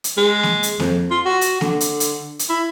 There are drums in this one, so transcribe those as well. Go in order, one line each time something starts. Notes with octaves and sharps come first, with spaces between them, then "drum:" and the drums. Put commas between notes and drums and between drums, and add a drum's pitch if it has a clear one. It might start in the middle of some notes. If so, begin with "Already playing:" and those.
drum: hi-hat
G#3
drum: snare A#3
drum: hi-hat
F2, drum: snare A#3
F4
F#4
drum: hi-hat
D3, drum: snare A#3
drum: hi-hat
drum: hi-hat
drum: hi-hat
E4